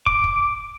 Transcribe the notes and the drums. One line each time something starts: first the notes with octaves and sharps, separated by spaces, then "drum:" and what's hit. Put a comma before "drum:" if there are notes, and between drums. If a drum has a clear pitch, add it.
D6, drum: kick
drum: kick